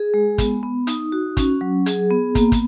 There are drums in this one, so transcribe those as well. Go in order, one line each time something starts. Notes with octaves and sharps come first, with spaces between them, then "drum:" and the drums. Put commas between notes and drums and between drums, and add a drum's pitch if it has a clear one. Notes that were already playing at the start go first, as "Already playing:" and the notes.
Already playing: G#4
G#3
B3, drum: kick, hi-hat
B3
D#4, drum: hi-hat
F#4
C#4, drum: kick, hi-hat
F#3
G#4, drum: hi-hat
B3
A#3, drum: kick, hi-hat
drum: kick, hi-hat